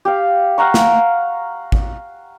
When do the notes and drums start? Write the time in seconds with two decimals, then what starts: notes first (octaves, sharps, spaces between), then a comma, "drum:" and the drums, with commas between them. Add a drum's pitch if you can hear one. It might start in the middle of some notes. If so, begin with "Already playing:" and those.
0.05 G4 F5
0.58 F5 F#5 A#5 C#6
0.74 drum: snare
1.72 drum: kick